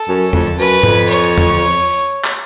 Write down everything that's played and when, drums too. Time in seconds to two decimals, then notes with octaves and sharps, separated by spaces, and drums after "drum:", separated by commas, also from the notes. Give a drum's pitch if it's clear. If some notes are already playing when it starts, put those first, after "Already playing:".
Already playing: A4
0.08 F#2
0.33 F2, drum: tom E2
0.58 F#2 B4
0.83 F2, drum: tom G#2
1.09 C#5
1.38 drum: tom E2
2.24 drum: clap